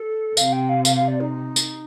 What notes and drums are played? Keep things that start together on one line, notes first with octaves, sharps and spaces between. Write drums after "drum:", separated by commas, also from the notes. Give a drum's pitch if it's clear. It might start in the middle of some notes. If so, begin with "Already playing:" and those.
Already playing: A4
C3 F5, drum: tambourine
G5
F5
F5, drum: tambourine
F5
D5
D#4
drum: tambourine